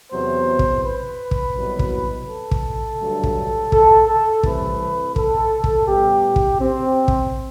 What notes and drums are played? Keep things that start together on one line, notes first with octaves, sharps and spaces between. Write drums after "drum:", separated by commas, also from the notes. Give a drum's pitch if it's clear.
E2 C3 F#3 B3 C5
drum: kick
B4
drum: kick
C2 B2 F#3
drum: kick
A4
drum: kick
G2 D3 F#3 A3
drum: kick
A4, drum: kick
A4
C2 C3 E3 A3 B4, drum: kick
A4, drum: kick
drum: kick
A2 G3 B3 G4
drum: kick
C4
drum: kick